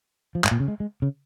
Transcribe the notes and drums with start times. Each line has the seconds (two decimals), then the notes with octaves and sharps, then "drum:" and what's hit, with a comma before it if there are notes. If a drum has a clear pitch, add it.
0.35 F3
0.44 G#2, drum: clap
0.51 A#2
0.60 C#3
0.68 G#3
0.80 G#3
1.02 C#3